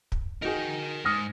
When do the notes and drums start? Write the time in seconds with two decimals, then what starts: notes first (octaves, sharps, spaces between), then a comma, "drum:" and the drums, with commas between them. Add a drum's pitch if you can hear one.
0.12 drum: kick
0.42 D#4 F#4 G#4 A#4 G5
1.05 G#2 D#6 F6 A#6